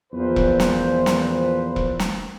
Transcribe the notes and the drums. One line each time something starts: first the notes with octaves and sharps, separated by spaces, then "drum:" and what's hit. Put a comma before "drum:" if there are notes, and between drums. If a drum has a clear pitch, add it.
E2 A#2 F3 B4 C5
drum: kick E1
drum: snare
drum: snare
drum: kick E1
drum: snare